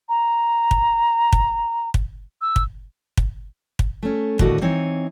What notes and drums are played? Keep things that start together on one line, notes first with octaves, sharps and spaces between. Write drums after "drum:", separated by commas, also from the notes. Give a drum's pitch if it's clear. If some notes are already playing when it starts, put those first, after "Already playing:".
A#5
drum: kick
drum: kick
drum: kick
E6
drum: kick
drum: kick
drum: kick
A3 C#4
D#2 A2 D3 F#4 D#5, drum: kick
E3 C4 D#4 C#5